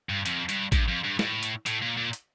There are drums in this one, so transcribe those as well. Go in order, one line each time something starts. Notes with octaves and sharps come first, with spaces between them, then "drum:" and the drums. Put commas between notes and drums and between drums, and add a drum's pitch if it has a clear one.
G2
F2, drum: hi-hat
G2, drum: hi-hat
G2, drum: kick, hi-hat
F2
G2
A2, drum: snare
drum: hi-hat
A2, drum: hi-hat
A#2
A#2
drum: hi-hat